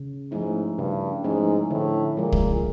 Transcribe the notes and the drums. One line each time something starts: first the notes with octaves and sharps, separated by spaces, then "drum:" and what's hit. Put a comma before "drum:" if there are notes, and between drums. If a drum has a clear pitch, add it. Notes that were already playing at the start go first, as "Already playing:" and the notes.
Already playing: C#3
G#2 F3 A3 C#4 E4
G2 C#3
G#2 F3 A3 C#4 E4
A2 D3
A#2 F3 G#3
drum: kick